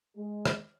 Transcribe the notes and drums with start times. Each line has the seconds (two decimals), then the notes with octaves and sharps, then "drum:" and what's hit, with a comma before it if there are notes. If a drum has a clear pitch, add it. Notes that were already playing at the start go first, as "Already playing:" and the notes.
0.17 G#3
0.46 drum: rim click